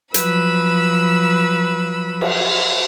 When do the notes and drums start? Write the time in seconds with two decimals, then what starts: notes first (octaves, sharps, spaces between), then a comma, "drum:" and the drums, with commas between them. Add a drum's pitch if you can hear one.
0.14 F3 F#3 B4 B5 E6, drum: hi-hat
2.21 drum: cymbal